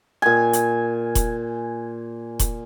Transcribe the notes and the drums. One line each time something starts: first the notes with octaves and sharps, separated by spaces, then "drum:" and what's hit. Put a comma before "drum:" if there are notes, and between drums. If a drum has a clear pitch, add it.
A#2 G#5
drum: hi-hat
drum: kick E1, hi-hat
drum: kick E1, hi-hat